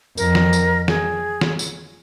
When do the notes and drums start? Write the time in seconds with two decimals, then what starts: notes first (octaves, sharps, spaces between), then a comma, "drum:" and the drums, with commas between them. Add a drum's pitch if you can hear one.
0.17 F2 A#4, drum: tambourine
0.35 drum: snare
0.53 drum: tambourine
0.88 G#4, drum: snare
1.41 drum: snare
1.59 drum: tambourine